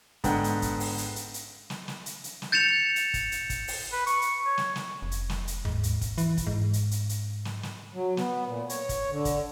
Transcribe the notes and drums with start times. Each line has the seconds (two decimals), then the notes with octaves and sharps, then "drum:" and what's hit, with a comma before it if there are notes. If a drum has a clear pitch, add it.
0.24 G#2 D3 B3 F#5 G5, drum: kick, hi-hat
0.44 drum: hi-hat
0.62 drum: kick, hi-hat
0.80 drum: open hi-hat
0.98 drum: hi-hat
1.16 drum: hi-hat
1.34 drum: hi-hat
1.70 drum: snare
1.88 drum: snare
2.06 drum: hi-hat
2.24 drum: hi-hat
2.42 drum: snare
2.52 G6 A6 C#7 E7 F7
2.96 drum: hi-hat
3.14 drum: kick, hi-hat
3.32 drum: hi-hat
3.50 drum: kick, hi-hat
3.68 drum: open hi-hat
3.93 B4
4.07 C#6, drum: hi-hat
4.22 drum: hi-hat
4.47 C#5
4.58 drum: snare
4.76 drum: snare
5.02 F1
5.12 drum: hi-hat
5.29 drum: snare
5.47 drum: hi-hat
5.65 G#2, drum: tom D#2
5.83 drum: hi-hat
6.01 drum: kick, hi-hat
6.18 E3, drum: hi-hat
6.37 drum: kick, hi-hat
6.47 G#2
6.73 drum: hi-hat
6.91 drum: hi-hat
7.09 drum: hi-hat
7.45 drum: snare
7.63 drum: snare
7.95 F#3
8.17 B3, drum: snare
8.46 A#2
8.69 C#5, drum: hi-hat
8.89 drum: kick, hi-hat
9.10 D3
9.25 drum: kick, hi-hat